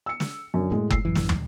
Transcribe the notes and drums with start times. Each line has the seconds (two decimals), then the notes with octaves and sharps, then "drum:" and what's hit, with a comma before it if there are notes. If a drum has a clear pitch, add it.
0.06 E6 C#7
0.20 drum: snare
0.54 F#2 D3
0.72 A2 G#3
0.90 E6 C7, drum: kick F#1
1.05 A1 F#2 E3
1.15 drum: snare
1.29 drum: tom